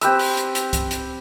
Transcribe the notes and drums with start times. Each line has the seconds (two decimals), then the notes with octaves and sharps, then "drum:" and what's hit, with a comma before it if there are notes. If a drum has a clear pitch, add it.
0.01 C4 G4 B4 E6, drum: hi-hat
0.19 drum: open hi-hat
0.37 drum: hi-hat
0.55 drum: hi-hat
0.73 drum: kick C2, hi-hat
0.91 drum: hi-hat